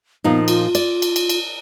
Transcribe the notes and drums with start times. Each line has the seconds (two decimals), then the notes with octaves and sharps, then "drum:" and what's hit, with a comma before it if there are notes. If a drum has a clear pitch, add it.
0.24 A#2 F3 B3 D#4
0.48 F4, drum: cymbal
0.75 D5, drum: cymbal
1.02 drum: cymbal
1.16 drum: cymbal
1.29 drum: cymbal